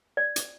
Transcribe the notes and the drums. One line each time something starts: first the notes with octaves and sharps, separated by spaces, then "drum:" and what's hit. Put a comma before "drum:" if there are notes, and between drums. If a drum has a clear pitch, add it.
D5
drum: hi-hat